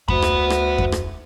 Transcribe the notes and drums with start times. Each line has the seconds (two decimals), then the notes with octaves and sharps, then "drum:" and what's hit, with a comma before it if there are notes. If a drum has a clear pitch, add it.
0.08 D2 F#5 B5, drum: kick F2
0.22 drum: rim click
0.50 drum: rim click
0.78 drum: kick F2
0.92 drum: rim click